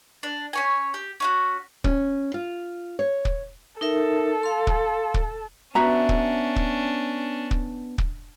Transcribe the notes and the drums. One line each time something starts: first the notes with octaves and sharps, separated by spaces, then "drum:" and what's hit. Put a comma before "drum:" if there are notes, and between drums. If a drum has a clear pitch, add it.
D4
C#4 C#5 G#5
G4
C#4 F4 F#4
C#4, drum: kick
F4
C#5
drum: kick
D#4 A4 A#4 E5
F5 C6
drum: kick
drum: kick
B3 C#4 D4 F#4 E5 A#5
drum: kick
drum: kick
drum: kick
drum: kick